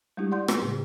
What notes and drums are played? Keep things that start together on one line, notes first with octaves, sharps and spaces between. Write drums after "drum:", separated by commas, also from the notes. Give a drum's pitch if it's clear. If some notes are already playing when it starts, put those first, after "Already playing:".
G3 G#3 D4 E4 G4
D5 F#5 C6 G6
drum: rim click
A2 C#3